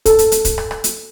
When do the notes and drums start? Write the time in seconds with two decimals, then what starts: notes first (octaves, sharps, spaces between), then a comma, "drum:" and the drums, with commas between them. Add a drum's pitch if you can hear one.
0.06 A4, drum: kick, hi-hat
0.19 drum: hi-hat
0.32 drum: hi-hat
0.45 drum: kick, hi-hat
0.58 drum: rim click
0.71 drum: rim click
0.84 drum: hi-hat